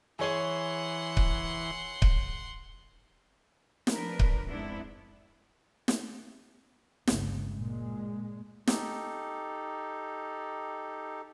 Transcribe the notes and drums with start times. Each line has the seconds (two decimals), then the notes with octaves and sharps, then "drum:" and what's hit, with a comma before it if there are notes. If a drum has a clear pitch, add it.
0.19 E3 G#4 C#5 F#5 G#5 C6
1.17 drum: kick C#1
2.02 drum: kick C#1
3.87 F3 D4 A#4 B4, drum: snare
4.19 drum: kick C#1
4.45 F2 G#2 B3 D4 E4
5.88 drum: snare
7.07 G1 C#2, drum: snare
7.55 A#2 G#3
8.67 D#4 G4 A4, drum: snare